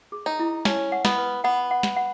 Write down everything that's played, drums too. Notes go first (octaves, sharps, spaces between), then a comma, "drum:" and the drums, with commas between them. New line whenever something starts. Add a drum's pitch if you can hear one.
G#4
D#4
E4
C#4 A5, drum: snare
F#5
B3, drum: snare
B4
B3 F#5
F#5
drum: snare
F#5